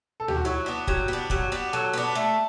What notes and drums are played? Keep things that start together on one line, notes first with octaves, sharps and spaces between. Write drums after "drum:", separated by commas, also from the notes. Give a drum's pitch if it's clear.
A4
G4, drum: tom D2
F#4
F#3 E4
B3 D4
F#3 G4, drum: kick
B3 D4
F#3 G4, drum: kick
B3 D4
F#3 A4
B3 D4
A3